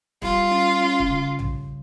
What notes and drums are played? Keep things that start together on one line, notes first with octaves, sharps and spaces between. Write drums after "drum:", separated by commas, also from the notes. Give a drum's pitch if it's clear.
G3 F4, drum: snare
C#4
C#4
drum: kick
C#3
drum: tom A#1